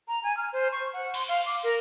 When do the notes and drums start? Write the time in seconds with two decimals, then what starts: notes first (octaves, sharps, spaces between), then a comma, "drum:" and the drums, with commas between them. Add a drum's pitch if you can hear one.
0.08 A#5
0.24 G#5
0.37 F6
0.53 C5
0.72 C#6
0.93 F#5
1.14 C6, drum: cymbal
1.29 F5
1.46 D6
1.63 A#4